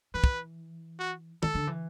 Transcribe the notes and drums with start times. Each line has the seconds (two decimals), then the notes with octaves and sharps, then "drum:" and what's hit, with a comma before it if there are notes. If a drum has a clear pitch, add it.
0.14 E3 B4
0.24 drum: kick
0.99 F#4
1.43 E3 A4, drum: tom
1.55 D3
1.67 E3